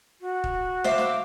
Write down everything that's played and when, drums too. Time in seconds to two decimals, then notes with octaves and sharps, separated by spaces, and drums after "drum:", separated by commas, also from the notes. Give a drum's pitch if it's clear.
0.21 F#4
0.44 drum: kick
0.84 C5 E5 F5 D6, drum: snare
0.98 drum: snare